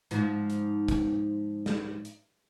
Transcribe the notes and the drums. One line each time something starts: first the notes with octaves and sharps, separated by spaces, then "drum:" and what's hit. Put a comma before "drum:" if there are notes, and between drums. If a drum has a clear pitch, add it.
G#2 F3, drum: hi-hat
drum: hi-hat
drum: kick, hi-hat
drum: snare
drum: hi-hat